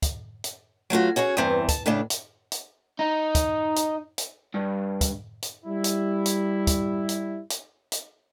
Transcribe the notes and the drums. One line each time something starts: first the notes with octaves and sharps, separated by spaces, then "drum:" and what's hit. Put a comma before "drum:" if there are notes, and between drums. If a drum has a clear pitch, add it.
drum: kick, hi-hat
drum: hi-hat
F#3 A3 F4 F#4
C#4 F#4 G#4 C#5
E2 G2 E3 C4
A5, drum: kick, hi-hat
A2 C#3 A3 D4
drum: hi-hat
drum: hi-hat
D#4
drum: kick, hi-hat
drum: hi-hat
drum: hi-hat
G2
drum: kick, hi-hat
drum: hi-hat
G3 E4
drum: hi-hat
drum: hi-hat
drum: kick, hi-hat
drum: hi-hat
drum: hi-hat
drum: hi-hat